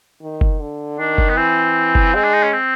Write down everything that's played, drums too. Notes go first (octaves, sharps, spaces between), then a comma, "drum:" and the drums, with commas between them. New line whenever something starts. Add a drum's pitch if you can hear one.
D#3
drum: kick F#1
D3
D#3 D4
drum: kick F#1
B3
E3 C4
drum: kick F#1
G#3 C4
D4
D#4
C#4
C4